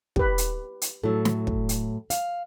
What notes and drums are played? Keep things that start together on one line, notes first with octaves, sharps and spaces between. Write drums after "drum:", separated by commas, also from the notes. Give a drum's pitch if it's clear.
G4 B4, drum: kick
drum: hi-hat
drum: hi-hat
A2 F#3 A4
drum: snare
drum: kick
drum: hi-hat
F5, drum: hi-hat